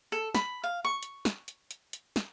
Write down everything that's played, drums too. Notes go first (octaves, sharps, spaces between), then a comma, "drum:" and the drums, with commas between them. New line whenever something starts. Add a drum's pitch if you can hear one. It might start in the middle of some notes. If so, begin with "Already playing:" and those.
A4
B5, drum: snare
F5
C#6
drum: hi-hat
drum: snare
drum: hi-hat
drum: hi-hat
drum: hi-hat
drum: snare